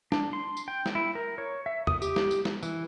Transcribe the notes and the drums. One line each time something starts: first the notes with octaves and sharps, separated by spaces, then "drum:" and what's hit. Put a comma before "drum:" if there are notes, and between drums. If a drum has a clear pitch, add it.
D4, drum: snare
C6
drum: tambourine
G5
drum: snare
E4
A#4
C#5
E5
D#6, drum: tom
G4, drum: tambourine
drum: snare
drum: tambourine
drum: snare
E3, drum: tambourine